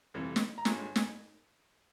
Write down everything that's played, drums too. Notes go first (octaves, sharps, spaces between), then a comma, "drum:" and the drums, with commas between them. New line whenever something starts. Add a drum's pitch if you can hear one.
F1 F2 E3 G3
drum: snare
A#5
G1 G2 F3 G#3 G#5, drum: snare
G#5
G#5, drum: snare